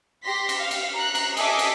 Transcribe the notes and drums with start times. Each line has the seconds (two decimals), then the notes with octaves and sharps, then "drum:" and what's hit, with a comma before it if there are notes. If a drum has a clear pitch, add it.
0.24 G4 C6 A#6 B6
0.49 drum: cymbal
0.59 F5
0.71 drum: cymbal
0.96 A#5 F#6
1.15 drum: cymbal
1.37 A4 D#5 E5 G#5 D6 B6, drum: cymbal
1.59 drum: cymbal